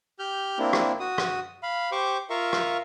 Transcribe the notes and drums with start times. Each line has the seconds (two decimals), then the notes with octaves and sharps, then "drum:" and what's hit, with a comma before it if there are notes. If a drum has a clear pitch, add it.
0.19 G4 F6 G6
0.59 A#3 C4 D4 E4
0.73 drum: rim click
1.00 F#4 D#6
1.18 drum: rim click
1.63 F5 B5
1.92 G4 C5 C#6 D6
2.30 F4 A#4 E5 F5 C#6
2.53 drum: rim click